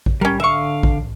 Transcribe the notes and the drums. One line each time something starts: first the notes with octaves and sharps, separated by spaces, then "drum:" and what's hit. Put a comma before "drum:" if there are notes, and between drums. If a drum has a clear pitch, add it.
drum: kick A1
G3 C#4 A#4
D3 E5 F5 C#6
drum: kick A1